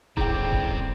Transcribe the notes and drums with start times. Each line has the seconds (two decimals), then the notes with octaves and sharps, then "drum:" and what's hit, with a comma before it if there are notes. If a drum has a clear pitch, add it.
0.17 G1 C#3 C4 E4 G#4 G5 D6, drum: kick D#1
0.52 drum: kick D#1